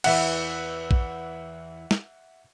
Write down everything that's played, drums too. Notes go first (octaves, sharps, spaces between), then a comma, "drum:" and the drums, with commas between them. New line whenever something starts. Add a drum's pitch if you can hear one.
E2 E3 E5 F#5, drum: cymbal
drum: kick A#1
drum: snare